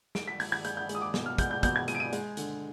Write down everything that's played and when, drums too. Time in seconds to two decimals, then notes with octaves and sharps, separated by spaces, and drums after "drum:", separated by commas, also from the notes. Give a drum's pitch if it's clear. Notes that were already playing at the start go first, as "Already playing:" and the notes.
0.15 G#3 D7, drum: snare
0.27 B6
0.40 G#3 G#6, drum: open hi-hat
0.52 G#6
0.65 G#3 G6, drum: hi-hat
0.77 G6
0.89 G#3, drum: hi-hat
0.95 D#6
1.02 D6
1.14 B2, drum: snare
1.26 F6
1.38 G#3 G6, drum: kick, hi-hat
1.51 G6
1.63 B2 G6, drum: kick, hi-hat
1.76 G#6
1.88 G#3 D#7, drum: hi-hat
1.95 D7
2.00 D#7
2.13 G#3, drum: hi-hat
2.37 D3, drum: hi-hat